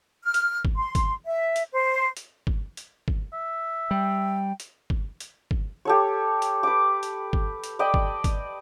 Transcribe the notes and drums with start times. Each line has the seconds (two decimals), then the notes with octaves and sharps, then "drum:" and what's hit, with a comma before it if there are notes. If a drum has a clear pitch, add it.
0.24 F6
0.34 drum: hi-hat
0.65 drum: kick G1
0.76 C6
0.95 drum: kick G1, hi-hat
1.25 E5
1.56 drum: hi-hat
1.72 C5
2.17 drum: hi-hat
2.47 drum: kick G1
2.77 drum: hi-hat
3.08 drum: kick G1
3.33 E5
3.91 G3 G5
4.60 drum: hi-hat
4.90 drum: kick G1
5.20 drum: hi-hat
5.51 drum: kick G1
5.85 G4 A4 C#5
6.42 drum: hi-hat
6.63 B4 D6
7.03 drum: hi-hat
7.33 drum: kick G1
7.64 drum: hi-hat
7.79 D5 D#5 G5 B5
7.94 drum: kick G1
8.24 drum: kick G1, hi-hat